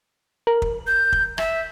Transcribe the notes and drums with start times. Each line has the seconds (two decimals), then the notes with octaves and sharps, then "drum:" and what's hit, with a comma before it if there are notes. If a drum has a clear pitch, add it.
0.47 A#4
0.62 drum: kick
0.87 G6
1.12 drum: kick
1.38 E5, drum: rim click